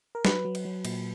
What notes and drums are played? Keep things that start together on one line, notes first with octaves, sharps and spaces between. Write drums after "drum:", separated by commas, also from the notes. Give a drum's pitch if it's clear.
A#4
F#3 B4, drum: snare
F#3
drum: cymbal
F#3
A#2, drum: cymbal